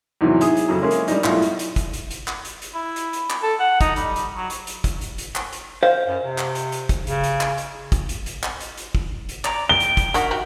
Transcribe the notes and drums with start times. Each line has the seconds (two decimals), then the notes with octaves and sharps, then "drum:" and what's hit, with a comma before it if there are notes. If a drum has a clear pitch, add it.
0.21 E2 G#2 C3 D#3 E3 F#3
0.41 E4 G#4 D#6, drum: hi-hat
0.57 drum: hi-hat
0.68 F2 C#3 F#3
0.82 G#3 A#3 C#4 E4 G#4
0.91 drum: hi-hat
1.08 G3 D4 D#4, drum: hi-hat
1.24 B1 A2 G3 E4 F4, drum: clap
1.42 drum: hi-hat
1.59 drum: hi-hat
1.76 drum: kick, hi-hat
1.93 drum: hi-hat
2.11 drum: hi-hat
2.28 drum: clap
2.45 drum: hi-hat
2.62 drum: hi-hat
2.75 E4
2.96 drum: hi-hat
3.13 drum: hi-hat
3.30 drum: clap
3.43 A4
3.60 F#5
3.81 D#4, drum: kick, hi-hat
3.96 G3, drum: hi-hat
4.16 drum: hi-hat
4.37 F#3
4.50 drum: hi-hat
4.67 drum: hi-hat
4.84 drum: kick, hi-hat
5.01 drum: hi-hat
5.18 drum: hi-hat
5.35 drum: clap
5.53 drum: hi-hat
5.83 C5 F5
6.07 F#2
6.23 C3
6.38 drum: clap
6.55 drum: hi-hat
6.72 drum: hi-hat
6.89 drum: kick, hi-hat
7.07 C#3, drum: hi-hat
7.24 drum: hi-hat
7.41 drum: clap
7.58 drum: hi-hat
7.92 drum: kick, hi-hat
8.09 drum: hi-hat
8.26 drum: hi-hat
8.43 drum: clap
8.60 drum: hi-hat
8.77 drum: hi-hat
8.95 drum: kick
9.29 drum: hi-hat
9.45 D5 A#5 D6, drum: clap
9.69 G5 G7
9.80 drum: hi-hat
9.97 drum: kick, hi-hat
10.14 D#3 D4 F#4 A#4 E5, drum: hi-hat
10.31 F#4 G4